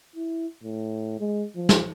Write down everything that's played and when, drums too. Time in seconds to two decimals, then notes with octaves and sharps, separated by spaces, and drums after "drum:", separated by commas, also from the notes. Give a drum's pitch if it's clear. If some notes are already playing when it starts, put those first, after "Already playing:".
0.16 E4
0.64 A2
1.20 G#3
1.56 F3
1.69 drum: snare